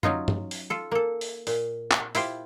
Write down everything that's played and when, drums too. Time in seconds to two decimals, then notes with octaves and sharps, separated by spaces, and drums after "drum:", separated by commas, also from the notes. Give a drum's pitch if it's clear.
0.03 F#3 C#4 D#4 F4, drum: tom F#2
0.28 drum: tom G2
0.51 drum: open hi-hat
0.70 F4 A4
0.91 A#3 A4
1.21 drum: open hi-hat
1.47 A#2, drum: open hi-hat
1.91 drum: clap
2.15 E4 F4 G4 C5, drum: open hi-hat